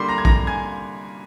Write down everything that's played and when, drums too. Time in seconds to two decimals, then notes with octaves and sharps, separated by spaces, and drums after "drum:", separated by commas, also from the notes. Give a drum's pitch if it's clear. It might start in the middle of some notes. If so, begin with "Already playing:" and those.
Already playing: D3 G3 A#3 C6 D6 C7
0.09 A#5 A#6
0.18 G#6
0.25 A#5 A#6, drum: kick A#1
0.47 G#5 G#6